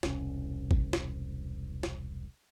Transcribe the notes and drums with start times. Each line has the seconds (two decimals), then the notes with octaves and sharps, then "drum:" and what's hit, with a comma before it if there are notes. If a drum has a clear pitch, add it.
0.03 E1 C2 C#4, drum: snare
0.71 drum: kick
0.93 drum: snare
1.83 drum: snare